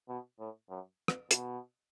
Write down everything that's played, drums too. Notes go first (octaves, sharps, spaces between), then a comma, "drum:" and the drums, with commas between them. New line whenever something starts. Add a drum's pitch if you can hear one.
B2
A2
F#2
drum: rim click
B2, drum: hi-hat